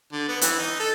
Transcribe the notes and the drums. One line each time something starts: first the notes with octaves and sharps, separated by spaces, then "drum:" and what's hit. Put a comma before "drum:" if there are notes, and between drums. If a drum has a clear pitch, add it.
D3
B3
E3, drum: hi-hat
D#4
A4